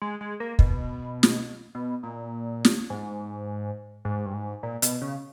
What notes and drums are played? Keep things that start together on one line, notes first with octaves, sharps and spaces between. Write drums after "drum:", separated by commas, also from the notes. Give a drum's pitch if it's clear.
G#3
G#3
A#3
B2, drum: kick
drum: snare
B2
A#2
drum: snare
G#2
G#2
G2
G#2
A#2
B2, drum: hi-hat
C#3